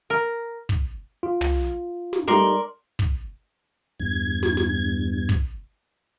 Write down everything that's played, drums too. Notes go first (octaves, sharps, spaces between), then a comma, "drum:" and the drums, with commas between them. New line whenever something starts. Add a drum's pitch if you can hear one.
A#4
drum: kick
F4
drum: tom
drum: snare
G3 A3 D#4 A#4 D5 C6, drum: snare
drum: kick
E2 G2 G#6
drum: snare
drum: snare
drum: kick